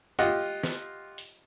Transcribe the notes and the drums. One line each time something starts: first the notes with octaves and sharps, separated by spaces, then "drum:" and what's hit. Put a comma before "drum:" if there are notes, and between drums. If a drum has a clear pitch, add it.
F4 G4 D#5 F#5, drum: hi-hat
drum: snare
drum: open hi-hat